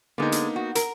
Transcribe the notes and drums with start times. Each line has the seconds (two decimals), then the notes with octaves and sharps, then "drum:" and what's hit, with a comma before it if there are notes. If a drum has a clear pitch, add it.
0.18 D3 G#3 A#3 B3 D#4
0.32 drum: hi-hat
0.56 F#4
0.75 A#4, drum: hi-hat